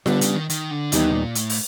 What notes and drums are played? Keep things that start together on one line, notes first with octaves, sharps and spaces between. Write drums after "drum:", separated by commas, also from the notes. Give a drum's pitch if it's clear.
D3 G3 B3 D4, drum: snare F4
C#3, drum: hi-hat
D#3
D#3, drum: hi-hat
D3
D#2 D#3 E3 G3 B3 D#4, drum: hi-hat
A#2
A2, drum: hi-hat
drum: open hi-hat